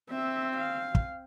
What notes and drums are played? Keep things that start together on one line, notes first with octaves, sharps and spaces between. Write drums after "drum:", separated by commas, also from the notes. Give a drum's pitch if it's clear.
C4 E5
F5
drum: kick